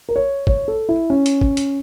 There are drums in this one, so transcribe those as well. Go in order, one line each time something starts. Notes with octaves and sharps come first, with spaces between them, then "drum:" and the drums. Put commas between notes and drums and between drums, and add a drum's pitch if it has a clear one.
A#4
C#5
C#5, drum: kick
A4
E4
C#4
drum: hi-hat
drum: kick
drum: hi-hat